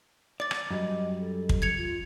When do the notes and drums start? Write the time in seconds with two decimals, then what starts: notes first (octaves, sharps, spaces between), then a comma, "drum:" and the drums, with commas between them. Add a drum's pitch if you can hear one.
0.40 D5 D6 A6
0.51 drum: rim click
0.71 F#2 G3 D#5
1.20 A4
1.49 drum: kick
1.62 G#6 C#7 F7
1.77 F4